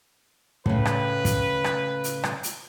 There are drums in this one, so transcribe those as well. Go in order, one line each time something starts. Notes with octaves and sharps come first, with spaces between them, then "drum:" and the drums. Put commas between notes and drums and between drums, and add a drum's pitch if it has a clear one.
A2 C#3 B4, drum: kick
drum: rim click
drum: kick, hi-hat
drum: rim click
drum: hi-hat
drum: rim click
drum: hi-hat